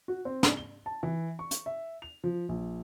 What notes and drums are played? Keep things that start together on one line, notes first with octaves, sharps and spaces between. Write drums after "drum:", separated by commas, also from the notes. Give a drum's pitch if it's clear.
F#4
C4
drum: snare
G7
A5
E3
C#6
drum: hi-hat
E5
F7
F3
A#1